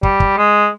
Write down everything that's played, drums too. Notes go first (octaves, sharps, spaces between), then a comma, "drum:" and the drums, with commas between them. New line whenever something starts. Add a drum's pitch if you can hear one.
G3, drum: kick
drum: kick
G#3